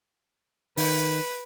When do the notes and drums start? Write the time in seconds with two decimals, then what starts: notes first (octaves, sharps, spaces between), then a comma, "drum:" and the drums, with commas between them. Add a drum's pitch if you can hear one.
0.77 D#3 B4, drum: open hi-hat